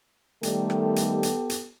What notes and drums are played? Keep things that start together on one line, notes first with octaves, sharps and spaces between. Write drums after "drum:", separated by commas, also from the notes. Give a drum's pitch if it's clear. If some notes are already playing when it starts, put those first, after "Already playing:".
D#3 G3 A3 B3 G4 A4, drum: hi-hat
drum: rim click
drum: hi-hat
drum: hi-hat
drum: hi-hat